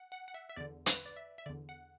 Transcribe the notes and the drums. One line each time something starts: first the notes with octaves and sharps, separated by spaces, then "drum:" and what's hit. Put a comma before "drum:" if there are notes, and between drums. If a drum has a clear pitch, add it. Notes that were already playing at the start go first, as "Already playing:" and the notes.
Already playing: F#5
F#5
F#5
E5
E5
E2 D3 D5
B4, drum: hi-hat
D5
E5
E5
E2 D3 D5
F#5